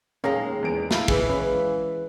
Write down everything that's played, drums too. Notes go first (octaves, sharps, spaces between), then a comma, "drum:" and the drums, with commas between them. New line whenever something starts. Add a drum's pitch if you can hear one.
D#2 G#3 C#4 A#4 F5 A#5
E2 D7
E4 F5 B5, drum: snare
E3 G#3, drum: kick
C#4 B4